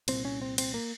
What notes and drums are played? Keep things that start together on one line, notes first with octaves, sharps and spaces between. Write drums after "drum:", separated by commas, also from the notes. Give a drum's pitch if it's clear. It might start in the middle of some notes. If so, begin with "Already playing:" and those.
C2 A#2 C4, drum: cymbal
C#4
C4
C4, drum: cymbal
A#3